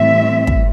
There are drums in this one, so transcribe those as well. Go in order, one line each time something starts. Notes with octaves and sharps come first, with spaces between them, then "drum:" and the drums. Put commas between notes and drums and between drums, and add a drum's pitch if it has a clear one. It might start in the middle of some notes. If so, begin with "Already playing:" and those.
Already playing: A2 E3 G3 C4 E5
drum: kick